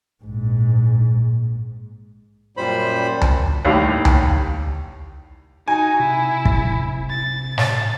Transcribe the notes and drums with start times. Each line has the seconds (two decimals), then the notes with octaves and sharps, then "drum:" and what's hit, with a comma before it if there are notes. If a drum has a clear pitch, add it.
0.24 A#1 G#2
2.57 F#2 A#2 G3 C5 B5
3.21 drum: tom D2
3.65 D#2 A2 G3 F5
4.05 drum: tom D2
5.68 D#4 F#4 G#5
6.00 C3 E4
6.45 drum: kick
7.10 A6
7.58 drum: snare